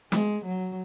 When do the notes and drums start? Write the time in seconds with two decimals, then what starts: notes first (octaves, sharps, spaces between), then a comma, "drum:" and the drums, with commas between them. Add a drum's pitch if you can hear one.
0.12 G#3, drum: snare
0.45 F#3